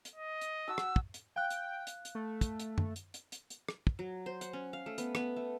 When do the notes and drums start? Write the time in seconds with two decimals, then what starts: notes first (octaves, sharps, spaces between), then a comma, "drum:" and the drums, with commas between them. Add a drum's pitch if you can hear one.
0.05 drum: hi-hat
0.15 D#5
0.41 drum: hi-hat
0.68 F#4 A5 E6
0.78 drum: rim click
0.96 drum: kick
1.14 drum: hi-hat
1.36 F5 G5 F#6
1.51 drum: hi-hat
1.87 drum: hi-hat
2.05 drum: hi-hat
2.15 A3
2.41 drum: kick, hi-hat
2.60 drum: hi-hat
2.78 drum: tom F#2
2.96 drum: hi-hat
3.14 drum: hi-hat
3.32 drum: hi-hat
3.50 drum: hi-hat
3.69 drum: rim click
3.87 drum: kick
3.99 F#3
4.26 C5
4.41 F#5, drum: hi-hat
4.53 C#4
4.73 F5
4.86 A3
4.98 B3, drum: hi-hat
5.15 B3, drum: rim click
5.36 A3